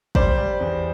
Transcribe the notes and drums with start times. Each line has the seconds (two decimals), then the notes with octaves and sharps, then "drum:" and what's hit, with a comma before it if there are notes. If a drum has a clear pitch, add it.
0.15 G3 C5 D5, drum: kick
0.37 G3
0.60 E2